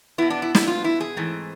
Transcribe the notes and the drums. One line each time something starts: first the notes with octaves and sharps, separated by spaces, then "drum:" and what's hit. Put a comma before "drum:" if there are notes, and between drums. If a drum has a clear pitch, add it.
B2 B3 E4
D4
E4
E4, drum: snare
F4
E4
G#4
G#2 E3 A3 C4